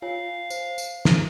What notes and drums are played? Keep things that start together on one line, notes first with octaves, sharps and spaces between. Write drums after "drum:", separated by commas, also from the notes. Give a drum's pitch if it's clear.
F4 C#5 F5 G#5
C5, drum: tambourine
drum: tambourine
drum: snare